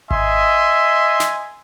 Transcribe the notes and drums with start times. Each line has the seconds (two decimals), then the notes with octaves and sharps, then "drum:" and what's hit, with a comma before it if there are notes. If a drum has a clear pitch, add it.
0.11 D#5 E5 G#5 C6, drum: kick G#1
1.20 drum: snare